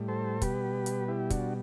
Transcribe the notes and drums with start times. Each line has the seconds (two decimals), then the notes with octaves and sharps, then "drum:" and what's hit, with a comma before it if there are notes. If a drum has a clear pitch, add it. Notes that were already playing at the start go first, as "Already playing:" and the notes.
Already playing: A2 G3
0.08 A4 C5
0.42 B2 G3 G4 B4, drum: kick, hi-hat
0.86 drum: hi-hat
1.08 E4 G4
1.30 D4 F#4, drum: kick, hi-hat